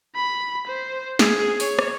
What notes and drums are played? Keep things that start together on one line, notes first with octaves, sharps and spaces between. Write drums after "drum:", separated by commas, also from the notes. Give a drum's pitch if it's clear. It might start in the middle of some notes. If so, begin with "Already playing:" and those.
B5
C5
G#4, drum: snare
C#5, drum: open hi-hat
drum: rim click